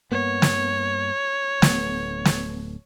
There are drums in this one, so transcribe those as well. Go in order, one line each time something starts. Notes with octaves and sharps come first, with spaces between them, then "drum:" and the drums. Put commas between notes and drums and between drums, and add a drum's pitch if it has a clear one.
G2 A#3 B3 C#5
drum: snare
D1 A3 B3, drum: snare
drum: snare